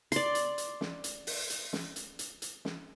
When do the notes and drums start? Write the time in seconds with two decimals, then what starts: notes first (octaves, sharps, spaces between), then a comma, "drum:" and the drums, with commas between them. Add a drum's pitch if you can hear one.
0.12 D5 C6, drum: hi-hat
0.35 drum: hi-hat
0.58 drum: hi-hat
0.81 drum: snare
1.04 drum: hi-hat
1.27 drum: open hi-hat
1.50 drum: hi-hat
1.73 drum: snare
1.96 drum: hi-hat
2.19 drum: hi-hat
2.42 drum: hi-hat
2.65 drum: snare